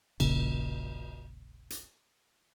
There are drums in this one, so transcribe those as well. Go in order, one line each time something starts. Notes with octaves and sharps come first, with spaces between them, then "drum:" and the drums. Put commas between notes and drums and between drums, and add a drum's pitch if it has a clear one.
E1 A#1 A#2 C#3, drum: cymbal
drum: hi-hat